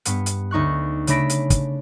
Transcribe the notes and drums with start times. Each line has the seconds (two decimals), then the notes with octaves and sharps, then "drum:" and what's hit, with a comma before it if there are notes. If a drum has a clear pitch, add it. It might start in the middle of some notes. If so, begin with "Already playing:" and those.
0.06 G2 B3 C#7, drum: hi-hat
0.26 drum: hi-hat
0.51 D2 D#4 C#6 F#6
1.07 C#3 A3 D4 B5 A#6 D7, drum: hi-hat
1.30 drum: hi-hat
1.50 drum: kick, hi-hat